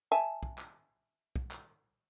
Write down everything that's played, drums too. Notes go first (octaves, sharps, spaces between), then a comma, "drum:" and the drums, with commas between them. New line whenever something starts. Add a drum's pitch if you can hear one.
E5 G#5 A5
drum: kick
drum: clap
drum: kick
drum: clap